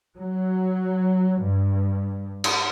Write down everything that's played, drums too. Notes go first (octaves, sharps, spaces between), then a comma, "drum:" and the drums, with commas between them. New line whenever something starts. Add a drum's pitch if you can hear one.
F#3
G2
drum: cymbal